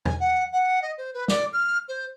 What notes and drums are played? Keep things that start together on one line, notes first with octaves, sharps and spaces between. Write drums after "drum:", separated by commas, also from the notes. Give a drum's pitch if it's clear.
G#5, drum: tom E2
F#5
F#5
D#5
C5
B4
D5, drum: snare
F6
C5